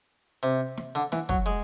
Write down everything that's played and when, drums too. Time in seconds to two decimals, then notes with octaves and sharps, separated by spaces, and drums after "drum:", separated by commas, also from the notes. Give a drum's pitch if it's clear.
0.43 C3
0.77 drum: snare
0.95 D3
1.12 E3, drum: snare
1.29 F#3, drum: kick
1.46 G#3